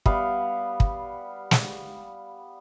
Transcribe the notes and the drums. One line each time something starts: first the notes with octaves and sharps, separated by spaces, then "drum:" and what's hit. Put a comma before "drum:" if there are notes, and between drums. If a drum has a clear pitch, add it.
G3 B3 F5, drum: kick
drum: kick
drum: snare